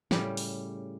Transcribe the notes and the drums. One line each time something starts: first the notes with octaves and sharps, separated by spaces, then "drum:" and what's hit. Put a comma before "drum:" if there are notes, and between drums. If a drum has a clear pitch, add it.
A2 C#3 G3 G4, drum: snare
drum: open hi-hat